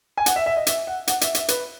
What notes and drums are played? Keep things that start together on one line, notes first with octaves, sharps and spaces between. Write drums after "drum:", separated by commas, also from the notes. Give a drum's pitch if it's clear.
G#5
F#5, drum: hi-hat
E5
E5
D#5
E5, drum: hi-hat
F#5
F#5, drum: hi-hat
E5, drum: hi-hat
E5, drum: hi-hat
B4, drum: hi-hat